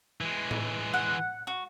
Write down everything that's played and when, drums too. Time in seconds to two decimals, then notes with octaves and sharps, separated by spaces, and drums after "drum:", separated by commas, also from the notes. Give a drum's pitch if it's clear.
0.21 E3 G#3
0.51 drum: tom A2
0.94 F#5
1.47 F#4